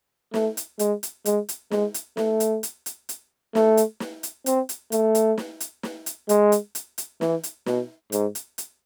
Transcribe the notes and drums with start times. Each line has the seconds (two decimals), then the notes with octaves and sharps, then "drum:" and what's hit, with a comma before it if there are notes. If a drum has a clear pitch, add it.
0.34 A3, drum: snare
0.57 drum: hi-hat
0.79 G#3, drum: hi-hat
1.03 drum: hi-hat
1.25 G#3, drum: hi-hat
1.49 drum: hi-hat
1.71 G#3, drum: snare
1.94 drum: hi-hat
2.17 A3, drum: snare
2.40 drum: hi-hat
2.63 drum: hi-hat
2.86 drum: hi-hat
3.09 drum: hi-hat
3.55 A3, drum: snare
3.77 drum: hi-hat
4.00 drum: snare
4.23 drum: hi-hat
4.46 C4, drum: hi-hat
4.69 drum: hi-hat
4.92 A3, drum: hi-hat
5.15 drum: hi-hat
5.38 drum: snare
5.60 drum: hi-hat
5.83 drum: snare
6.06 drum: hi-hat
6.29 G#3, drum: hi-hat
6.52 drum: hi-hat
6.75 drum: hi-hat
6.98 drum: hi-hat
7.21 E3, drum: snare
7.43 drum: hi-hat
7.66 B2, drum: snare
8.12 G#2, drum: hi-hat
8.35 drum: hi-hat
8.58 drum: hi-hat